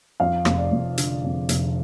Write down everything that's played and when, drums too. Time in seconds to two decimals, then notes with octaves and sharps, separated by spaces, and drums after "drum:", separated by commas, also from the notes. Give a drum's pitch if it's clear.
0.20 F2 F5
0.45 F1, drum: rim click
0.58 D5
0.72 F1
0.98 D3, drum: hi-hat
1.24 F2
1.49 F1, drum: hi-hat